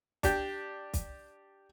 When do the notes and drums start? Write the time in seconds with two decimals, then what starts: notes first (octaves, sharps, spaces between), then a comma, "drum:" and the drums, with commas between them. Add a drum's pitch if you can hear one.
0.23 D4 G4 G5, drum: kick, hi-hat
0.94 drum: kick, hi-hat